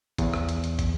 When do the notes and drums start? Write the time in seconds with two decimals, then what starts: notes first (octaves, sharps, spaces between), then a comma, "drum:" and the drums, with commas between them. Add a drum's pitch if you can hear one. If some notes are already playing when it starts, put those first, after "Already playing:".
0.18 E2, drum: kick, hi-hat
0.34 drum: rim click
0.49 drum: hi-hat
0.64 drum: hi-hat
0.79 drum: kick, hi-hat